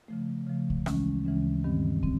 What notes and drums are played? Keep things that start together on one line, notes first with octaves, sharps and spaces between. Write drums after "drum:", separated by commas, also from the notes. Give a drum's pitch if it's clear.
C#3 F3 A3
C#3 F3 A3
drum: kick
D2 C#3 E3 G#3 C#4, drum: rim click
D2 C#3 E3 G#3 C#4
G2 D#3 G3 C4
C4, drum: kick